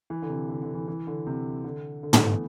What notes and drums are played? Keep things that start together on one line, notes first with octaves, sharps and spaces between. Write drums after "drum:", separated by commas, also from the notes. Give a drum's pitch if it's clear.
E3
D3
C3
D3
D3
E3
E3
D3
C3
D3
D3
A3, drum: tom
B3
E3